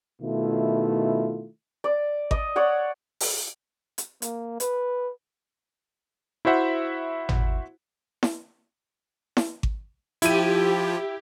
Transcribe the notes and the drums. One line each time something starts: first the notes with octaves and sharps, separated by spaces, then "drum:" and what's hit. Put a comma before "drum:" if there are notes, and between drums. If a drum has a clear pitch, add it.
B2 D#3 A3 E4 F4
D5
D#5, drum: kick G#1
C#5 D5 F#5
drum: open hi-hat
drum: hi-hat
A#3, drum: hi-hat
B4, drum: hi-hat
E4 F#4 C5 E5 F#5
drum: tom G#1
drum: snare E4
drum: snare E4
drum: kick G#1
F3 E4 F4 G4 D#7, drum: hi-hat